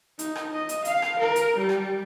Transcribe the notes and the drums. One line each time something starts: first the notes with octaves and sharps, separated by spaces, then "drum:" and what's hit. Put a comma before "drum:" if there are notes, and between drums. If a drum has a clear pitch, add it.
D#4, drum: hi-hat
drum: rim click
D#5
drum: hi-hat
F5, drum: hi-hat
drum: rim click
A#4
drum: hi-hat
G3
drum: rim click